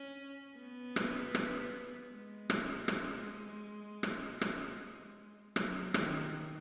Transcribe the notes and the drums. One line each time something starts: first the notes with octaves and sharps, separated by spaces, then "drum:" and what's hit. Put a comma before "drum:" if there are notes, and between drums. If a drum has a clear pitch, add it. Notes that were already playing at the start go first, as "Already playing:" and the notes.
Already playing: C#4
B3
drum: rim click
drum: rim click
G#3
drum: rim click
drum: rim click
drum: rim click
drum: rim click
F#3, drum: rim click
D#3, drum: rim click